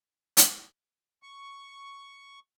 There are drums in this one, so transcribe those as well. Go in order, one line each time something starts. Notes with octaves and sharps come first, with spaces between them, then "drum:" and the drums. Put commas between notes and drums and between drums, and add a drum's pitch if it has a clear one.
drum: hi-hat
C#6